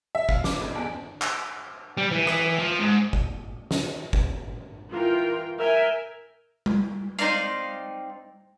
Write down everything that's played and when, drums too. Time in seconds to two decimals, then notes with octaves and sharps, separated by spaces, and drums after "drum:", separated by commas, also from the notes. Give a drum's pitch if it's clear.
0.15 E5
0.29 F5, drum: kick
0.44 D6, drum: snare
0.61 F2
0.75 E2
1.22 drum: clap
1.97 G3
2.11 E3
2.27 E3, drum: rim click
2.59 F3
2.80 G#2
3.13 drum: kick
3.71 drum: snare
4.13 drum: kick
4.91 E3 F4 A#4 G5
5.58 A#4 E5 G5 G#5
6.66 drum: tom G3
7.19 C4 D#4 D5 F5